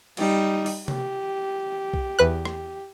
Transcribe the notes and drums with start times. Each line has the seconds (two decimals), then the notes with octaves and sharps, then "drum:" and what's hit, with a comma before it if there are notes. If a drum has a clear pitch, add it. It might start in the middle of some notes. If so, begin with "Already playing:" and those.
0.17 G3 D#4, drum: cymbal
0.66 drum: open hi-hat
0.88 G4, drum: tom C3
1.93 drum: kick B1
2.19 E2 B4 F#6
2.45 drum: rim click